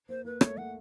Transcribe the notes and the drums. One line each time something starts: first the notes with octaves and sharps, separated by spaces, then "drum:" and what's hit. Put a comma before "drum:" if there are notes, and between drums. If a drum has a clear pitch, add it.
A#3 C5
A#3 B4
A3 C#5, drum: rim click
A3 F#5